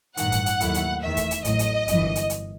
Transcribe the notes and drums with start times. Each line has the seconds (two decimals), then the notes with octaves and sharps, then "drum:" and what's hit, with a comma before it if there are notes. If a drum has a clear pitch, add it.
0.17 A1 G2 D#3 F#5, drum: hi-hat
0.32 drum: kick, hi-hat
0.46 drum: hi-hat
0.60 D#2 D#3 F#3 A3 E4, drum: hi-hat
0.74 drum: hi-hat
1.02 E2 D#3 A3 E5
1.17 drum: kick, hi-hat
1.31 drum: hi-hat
1.45 A1 A2 F#3 D#5, drum: hi-hat
1.59 drum: hi-hat
1.88 G1 F#2 E3, drum: hi-hat
2.01 drum: kick
2.16 drum: hi-hat
2.30 drum: hi-hat